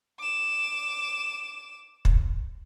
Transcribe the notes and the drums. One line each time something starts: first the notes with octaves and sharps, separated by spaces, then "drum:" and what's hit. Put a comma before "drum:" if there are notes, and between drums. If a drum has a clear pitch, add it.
D6 E7
drum: kick